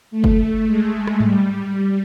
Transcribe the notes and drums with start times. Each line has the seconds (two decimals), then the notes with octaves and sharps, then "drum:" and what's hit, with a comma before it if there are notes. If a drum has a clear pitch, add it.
0.11 A3
0.24 drum: kick F#1
0.66 G#3
1.07 drum: rim click
1.20 G3, drum: tom G#2